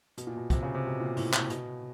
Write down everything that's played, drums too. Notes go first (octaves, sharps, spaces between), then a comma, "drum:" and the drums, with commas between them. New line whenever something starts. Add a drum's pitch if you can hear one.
B2, drum: hi-hat
A#2
B2
C3, drum: kick, hi-hat
C#3
C3
B2
A#2
A2, drum: open hi-hat
A#2, drum: clap
B2, drum: hi-hat